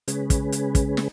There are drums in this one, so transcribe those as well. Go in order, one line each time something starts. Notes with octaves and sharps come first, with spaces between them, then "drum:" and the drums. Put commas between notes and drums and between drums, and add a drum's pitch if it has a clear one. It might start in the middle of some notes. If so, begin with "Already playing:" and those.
C#3 G#3 C#4 G#4 B4, drum: hi-hat
drum: kick, hi-hat
drum: hi-hat
drum: kick, hi-hat
drum: snare